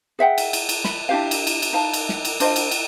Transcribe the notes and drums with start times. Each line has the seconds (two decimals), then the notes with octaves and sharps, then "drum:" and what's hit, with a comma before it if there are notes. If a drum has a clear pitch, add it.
0.19 G#4 E5 F#5 G5
0.38 drum: cymbal
0.53 drum: cymbal
0.69 drum: cymbal
0.84 B5, drum: snare
1.09 D4 E4 G4 F5
1.31 drum: cymbal
1.47 drum: cymbal
1.62 drum: cymbal
1.73 D#4 F5 A5
1.93 drum: cymbal
2.09 drum: snare
2.25 drum: cymbal
2.40 D4 F4 C5 D#5, drum: cymbal
2.56 drum: cymbal
2.71 drum: cymbal